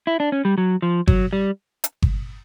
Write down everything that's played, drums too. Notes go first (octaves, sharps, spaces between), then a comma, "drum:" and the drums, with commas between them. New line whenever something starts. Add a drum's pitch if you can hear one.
E4
D4
C#4
G3
F#3
F3
F#3, drum: kick G1
G3
drum: hi-hat
drum: kick G1